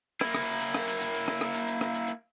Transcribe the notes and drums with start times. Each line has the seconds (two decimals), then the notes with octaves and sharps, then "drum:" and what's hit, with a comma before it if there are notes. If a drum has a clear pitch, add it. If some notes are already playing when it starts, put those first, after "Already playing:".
0.21 A#3 E4, drum: rim click
0.35 drum: rim click
0.61 drum: hi-hat
0.75 drum: rim click
0.88 drum: hi-hat
1.01 drum: hi-hat
1.15 drum: hi-hat
1.28 drum: rim click
1.41 drum: rim click
1.55 drum: hi-hat
1.68 drum: hi-hat
1.81 drum: rim click
1.94 drum: hi-hat
2.08 drum: hi-hat